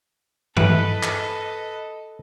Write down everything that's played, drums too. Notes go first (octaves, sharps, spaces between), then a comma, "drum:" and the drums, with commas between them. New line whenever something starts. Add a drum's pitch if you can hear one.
E3 A4 B4 D#5, drum: tom G2
drum: clap